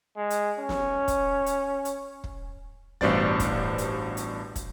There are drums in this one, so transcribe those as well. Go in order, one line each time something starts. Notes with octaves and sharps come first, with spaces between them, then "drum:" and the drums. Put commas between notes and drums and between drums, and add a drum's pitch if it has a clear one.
G#3
drum: hi-hat
C#4
drum: snare
drum: kick, hi-hat
drum: hi-hat
drum: hi-hat
drum: kick
A1 G2 B2 C5 D5 A6, drum: snare
drum: kick, hi-hat
drum: hi-hat
drum: hi-hat
drum: kick, hi-hat